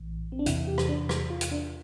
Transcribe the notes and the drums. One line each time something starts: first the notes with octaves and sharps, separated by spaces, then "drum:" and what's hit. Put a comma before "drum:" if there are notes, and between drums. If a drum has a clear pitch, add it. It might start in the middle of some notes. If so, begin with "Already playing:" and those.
Already playing: A#1 A2 E3
C4
D4
E2 C3 E3 E4, drum: hi-hat
G4
drum: rim click
D4
drum: rim click
F4
drum: hi-hat
D4